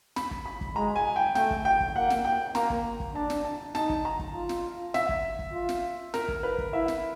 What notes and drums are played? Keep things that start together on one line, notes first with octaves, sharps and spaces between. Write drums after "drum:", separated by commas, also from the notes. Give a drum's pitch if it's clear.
B5, drum: snare
drum: kick
B5
drum: kick
G#3 A#5
G#5
G5
A3 G5, drum: snare
drum: kick
G5
drum: kick
A#3 F#5
drum: snare
G5
A#3 A#5, drum: snare
drum: kick
drum: kick
D4 A5
drum: snare
A5
D#4 A5, drum: snare
drum: kick
A#5
drum: kick
F4
drum: snare
E5, drum: snare
drum: kick
drum: kick
F4
drum: snare
A#4, drum: snare
drum: kick
B4
drum: kick
E4 E5
drum: snare